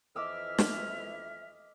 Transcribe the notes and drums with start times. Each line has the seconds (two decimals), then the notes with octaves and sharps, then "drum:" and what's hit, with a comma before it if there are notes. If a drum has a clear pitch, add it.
0.16 F2 E3 D#5 E5 D6 E6 F6
0.58 drum: snare